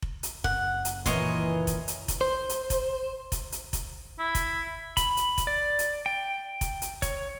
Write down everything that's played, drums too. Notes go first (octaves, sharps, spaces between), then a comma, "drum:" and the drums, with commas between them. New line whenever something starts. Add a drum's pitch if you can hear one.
drum: kick F1
drum: hi-hat
F#1 F#5, drum: kick F1
drum: hi-hat
A#2 D#3 E3 C#5 D#5 C6, drum: kick F1, hi-hat
drum: kick F1, hi-hat
drum: hi-hat
drum: kick F1, hi-hat
C5
drum: hi-hat
drum: kick F1, hi-hat
drum: kick F1, hi-hat
drum: hi-hat
drum: kick F1, hi-hat
E4
drum: kick F1, hi-hat
B5, drum: kick F1, hi-hat
drum: hi-hat
drum: kick F1, hi-hat
D5
drum: hi-hat
G5
drum: kick F1, hi-hat
drum: hi-hat
C#5, drum: kick F1, hi-hat